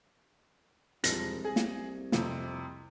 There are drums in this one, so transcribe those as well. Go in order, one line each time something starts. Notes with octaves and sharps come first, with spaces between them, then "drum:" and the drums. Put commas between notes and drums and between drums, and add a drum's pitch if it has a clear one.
E1 C2 F3 A#6, drum: hi-hat
G#4
drum: snare
F2 C3, drum: snare